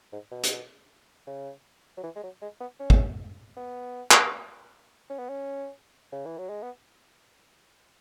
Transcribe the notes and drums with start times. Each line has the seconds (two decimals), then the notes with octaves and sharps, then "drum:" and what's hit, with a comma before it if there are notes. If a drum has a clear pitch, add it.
0.13 G#2
0.32 B2
0.43 drum: hi-hat
1.27 C#3
1.97 F#3
2.03 E3
2.16 G#3
2.23 F#3
2.42 G#3
2.61 B3
2.80 C#4
2.90 drum: kick
3.57 B3
4.11 drum: clap
5.10 C#4
5.19 B3
5.29 C#4
6.12 C#3
6.26 E3
6.38 F#3
6.49 G#3
6.63 B3